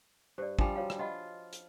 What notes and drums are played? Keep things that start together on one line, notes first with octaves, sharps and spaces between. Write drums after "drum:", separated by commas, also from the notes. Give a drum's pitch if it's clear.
G2 C5 D5
F3 G3 D4 G#5, drum: kick
F#4 C#5 F5
drum: rim click
F4 D#5 F#5 B5
drum: hi-hat